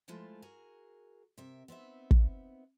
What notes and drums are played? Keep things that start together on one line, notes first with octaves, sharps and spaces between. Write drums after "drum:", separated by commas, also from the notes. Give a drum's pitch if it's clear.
F3 G#3 A3 E4 F4
F#4 G#4 A#4
C3 A#4 E5
B3 C4 D#4 E5
drum: kick